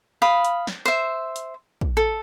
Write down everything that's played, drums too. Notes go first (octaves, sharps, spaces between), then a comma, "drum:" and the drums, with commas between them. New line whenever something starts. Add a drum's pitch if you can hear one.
F5 B5 D#6
drum: hi-hat
drum: snare
C5 E5
drum: hi-hat
drum: kick
A4